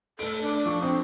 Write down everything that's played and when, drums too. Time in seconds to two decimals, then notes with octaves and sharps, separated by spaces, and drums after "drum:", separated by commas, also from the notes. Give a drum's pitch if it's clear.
0.19 A3 A4 D7, drum: open hi-hat
0.42 D4
0.66 F3 C#6
0.82 C4 D4 C#6 D#6